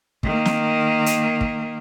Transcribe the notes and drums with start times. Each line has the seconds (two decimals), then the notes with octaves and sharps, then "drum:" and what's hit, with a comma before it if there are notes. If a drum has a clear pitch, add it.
0.23 D#3 A#3, drum: kick
0.45 drum: snare
1.06 drum: hi-hat
1.41 drum: kick